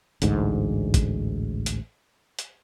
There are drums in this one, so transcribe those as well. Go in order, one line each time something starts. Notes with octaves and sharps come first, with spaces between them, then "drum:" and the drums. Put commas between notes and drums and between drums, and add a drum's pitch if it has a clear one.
A1 D2 G#2, drum: hi-hat
drum: kick, hi-hat
drum: hi-hat
drum: hi-hat